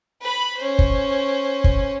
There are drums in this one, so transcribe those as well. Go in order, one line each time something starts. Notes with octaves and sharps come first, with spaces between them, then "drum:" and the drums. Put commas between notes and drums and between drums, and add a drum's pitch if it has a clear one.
B4 B5
C#4 C5
drum: kick
drum: kick